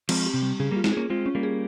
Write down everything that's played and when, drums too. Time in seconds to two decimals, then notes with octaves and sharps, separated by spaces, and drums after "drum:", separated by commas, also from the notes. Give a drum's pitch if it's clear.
0.09 F3 G#3 C4, drum: cymbal
0.26 G4
0.34 C3
0.42 G3
0.60 C#3 G#4
0.71 G3 A#3
0.77 F4
0.84 G#3 C4, drum: snare
0.93 A#3 C#4 G#4
1.10 G#3 C4 F4
1.26 C#4
1.35 G3 A#3
1.43 G#4